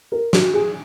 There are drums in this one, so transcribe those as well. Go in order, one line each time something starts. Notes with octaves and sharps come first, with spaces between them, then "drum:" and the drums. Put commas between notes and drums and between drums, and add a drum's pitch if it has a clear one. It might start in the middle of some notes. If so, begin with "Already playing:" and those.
A#4
F#4, drum: snare
G#4